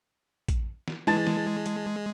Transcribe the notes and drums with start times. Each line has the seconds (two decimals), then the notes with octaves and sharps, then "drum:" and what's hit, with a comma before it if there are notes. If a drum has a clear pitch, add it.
0.48 drum: kick A1, hi-hat
0.88 drum: snare
1.07 E3 G#3 A5 A6
1.27 drum: snare
1.66 drum: hi-hat